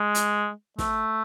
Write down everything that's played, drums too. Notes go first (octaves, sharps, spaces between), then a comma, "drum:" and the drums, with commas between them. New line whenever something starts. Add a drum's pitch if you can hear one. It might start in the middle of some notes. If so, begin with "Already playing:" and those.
Already playing: G#3
drum: hi-hat
A3, drum: snare